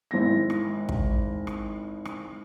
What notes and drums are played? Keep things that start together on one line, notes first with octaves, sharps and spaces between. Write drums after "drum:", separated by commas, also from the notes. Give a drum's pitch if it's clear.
G#1 E4 A#6
drum: rim click
drum: kick
drum: rim click
drum: rim click